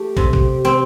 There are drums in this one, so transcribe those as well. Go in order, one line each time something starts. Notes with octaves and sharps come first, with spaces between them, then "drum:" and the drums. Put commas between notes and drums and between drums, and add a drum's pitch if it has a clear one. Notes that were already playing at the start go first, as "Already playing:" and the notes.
Already playing: A3 G4
C3, drum: kick
drum: kick
C4